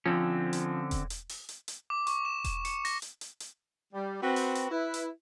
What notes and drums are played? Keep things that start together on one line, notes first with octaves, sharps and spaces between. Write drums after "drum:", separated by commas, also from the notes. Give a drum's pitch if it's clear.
D3 F3 C4 C#4
drum: hi-hat
drum: kick E1, hi-hat
drum: hi-hat
drum: open hi-hat
drum: hi-hat
drum: hi-hat
D6
C#6, drum: hi-hat
E7
drum: kick E1, hi-hat
C#7, drum: hi-hat
A#6, drum: open hi-hat
drum: hi-hat
drum: hi-hat
drum: hi-hat
G3
C4 F#4 B4
drum: open hi-hat
drum: hi-hat
E4 B4
drum: hi-hat